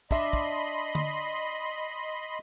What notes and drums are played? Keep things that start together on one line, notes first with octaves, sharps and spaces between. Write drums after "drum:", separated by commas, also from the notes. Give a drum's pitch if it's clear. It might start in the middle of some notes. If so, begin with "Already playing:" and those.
D4 D#5 E5 B5 C6, drum: kick
drum: kick
drum: tom